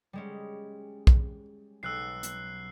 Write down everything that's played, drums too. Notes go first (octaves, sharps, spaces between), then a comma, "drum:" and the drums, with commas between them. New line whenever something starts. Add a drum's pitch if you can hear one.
G3 G#3 C#4
drum: kick
B1 E6 F#6 C7
drum: hi-hat